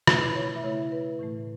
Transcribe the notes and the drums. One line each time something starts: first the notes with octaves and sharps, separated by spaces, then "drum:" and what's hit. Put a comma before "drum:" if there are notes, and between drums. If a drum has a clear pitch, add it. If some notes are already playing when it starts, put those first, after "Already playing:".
B2 A3 E4 B4, drum: rim click
C#5
E5
C#3 A3 E4 C#5
B4
A2 E3 A3